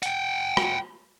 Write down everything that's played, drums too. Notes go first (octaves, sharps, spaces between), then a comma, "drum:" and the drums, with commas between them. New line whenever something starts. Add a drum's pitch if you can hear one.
F#5 G5, drum: hi-hat
drum: rim click